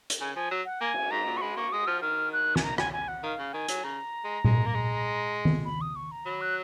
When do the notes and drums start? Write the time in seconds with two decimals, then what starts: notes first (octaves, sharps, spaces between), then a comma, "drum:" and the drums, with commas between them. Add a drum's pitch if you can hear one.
0.10 drum: hi-hat
0.20 C#3 G#5
0.35 F3 G#5
0.51 F#3
0.65 F#5
0.81 A#3 G#5
0.94 drum: cymbal
1.11 G#2 A#5
1.26 A#2
1.37 C#6
1.41 G#3 B5
1.56 A#3 C#6
1.72 G#3 D#6
1.87 F3 F6
2.02 D#3 F6
2.33 F#6
2.56 G#5, drum: snare
2.63 A#5
2.78 G#5, drum: rim click
2.93 G#5
3.08 F#5
3.23 D#3 F5
3.39 C#3
3.53 D#3 G#5
3.69 F#3, drum: hi-hat
3.84 C#3 A#5
4.24 G#3
4.44 G#3, drum: tom A#2
4.66 A#3
4.75 G#3
5.45 drum: tom D#3
5.65 B5
5.81 D#6
5.96 C#6
6.11 A#5
6.26 F#3 B5
6.41 F#6